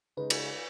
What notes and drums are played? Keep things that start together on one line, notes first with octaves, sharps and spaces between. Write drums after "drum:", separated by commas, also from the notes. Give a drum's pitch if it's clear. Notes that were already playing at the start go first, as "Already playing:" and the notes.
C#3 G#3 D#4 B4
drum: cymbal